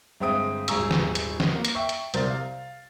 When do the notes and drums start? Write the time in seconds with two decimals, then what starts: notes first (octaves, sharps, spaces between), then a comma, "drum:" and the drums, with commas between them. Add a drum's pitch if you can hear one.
0.20 G1 G#3 C4 E5 D#6 D7
0.68 D#1 G#1 G#4 A#5 C#6 E6, drum: hi-hat
0.91 drum: snare
1.15 drum: hi-hat
1.40 drum: snare
1.54 A#3
1.65 drum: hi-hat
1.75 E5 G5 C#6
1.89 drum: hi-hat
2.14 C2 C3 A#4 C5 D5 A6, drum: hi-hat
2.30 F5